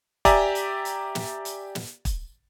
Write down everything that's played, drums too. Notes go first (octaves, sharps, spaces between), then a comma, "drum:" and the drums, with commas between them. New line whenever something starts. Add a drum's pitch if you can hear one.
G4 D5 E5 G#5 A#5, drum: kick, hi-hat
drum: hi-hat
drum: hi-hat
drum: snare
drum: hi-hat
drum: snare
drum: kick, hi-hat